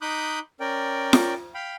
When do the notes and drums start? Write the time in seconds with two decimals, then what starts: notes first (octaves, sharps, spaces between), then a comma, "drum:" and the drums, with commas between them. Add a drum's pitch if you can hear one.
0.02 D#4 B5 D6 D#6 F#6 G6
0.60 C#4 A#4 D5 G5
1.13 drum: snare F4
1.55 F5 G5 B5